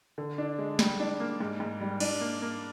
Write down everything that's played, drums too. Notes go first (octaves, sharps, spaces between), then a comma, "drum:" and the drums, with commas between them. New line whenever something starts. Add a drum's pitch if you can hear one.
D3
D4
G#3
G3, drum: snare
D4
A#3
G#2
G#2
G3
D4, drum: cymbal
A#3
A#3